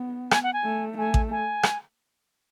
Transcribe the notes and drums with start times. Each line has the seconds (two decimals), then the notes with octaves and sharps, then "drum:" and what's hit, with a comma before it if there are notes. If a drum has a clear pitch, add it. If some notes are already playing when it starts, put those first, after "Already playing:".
Already playing: B3
0.31 G#5, drum: rim click
0.43 F#5
0.53 G#5
0.64 A3
0.98 A3 G#5
1.14 drum: kick A1
1.31 G#5
1.63 drum: rim click